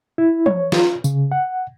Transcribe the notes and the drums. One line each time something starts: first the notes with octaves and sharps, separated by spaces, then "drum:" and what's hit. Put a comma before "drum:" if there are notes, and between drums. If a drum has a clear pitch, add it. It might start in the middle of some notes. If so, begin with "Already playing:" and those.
E4
C#5, drum: tom
F4, drum: snare
C#3, drum: tambourine
F#5